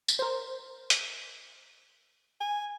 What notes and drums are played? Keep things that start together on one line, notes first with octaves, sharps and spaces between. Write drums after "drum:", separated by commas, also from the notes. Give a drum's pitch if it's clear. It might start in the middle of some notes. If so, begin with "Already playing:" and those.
drum: tambourine
A#4 C5
drum: hi-hat
G#5